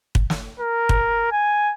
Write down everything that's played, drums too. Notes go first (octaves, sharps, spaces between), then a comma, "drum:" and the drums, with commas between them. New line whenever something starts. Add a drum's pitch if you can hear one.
drum: kick
drum: snare
A#4
drum: kick
G#5